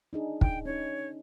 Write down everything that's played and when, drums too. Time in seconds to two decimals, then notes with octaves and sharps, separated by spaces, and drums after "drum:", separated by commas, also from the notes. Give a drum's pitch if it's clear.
0.13 D4 D#4 G#4
0.41 G5, drum: kick
0.66 C#4 D#4 C#5